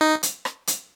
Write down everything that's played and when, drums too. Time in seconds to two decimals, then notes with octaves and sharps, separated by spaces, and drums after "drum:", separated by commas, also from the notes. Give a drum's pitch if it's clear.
0.01 D#4
0.23 drum: hi-hat
0.45 drum: rim click
0.67 drum: hi-hat